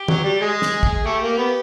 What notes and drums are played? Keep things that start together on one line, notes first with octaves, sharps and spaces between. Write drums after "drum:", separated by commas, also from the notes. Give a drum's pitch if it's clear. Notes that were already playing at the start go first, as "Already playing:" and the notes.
Already playing: G4
F#3, drum: tom
G3
G#3 G#4
drum: snare
drum: kick
A3 G4
A#3
B3